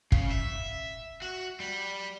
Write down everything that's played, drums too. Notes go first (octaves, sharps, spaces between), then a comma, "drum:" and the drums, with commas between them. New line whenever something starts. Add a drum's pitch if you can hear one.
C#3, drum: kick
E5
F#4
G3